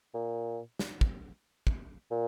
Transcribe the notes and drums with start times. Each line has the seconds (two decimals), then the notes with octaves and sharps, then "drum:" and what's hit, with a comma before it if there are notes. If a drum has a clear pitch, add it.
0.14 A#2
0.79 drum: snare
1.01 drum: kick
1.67 drum: kick
2.11 A#2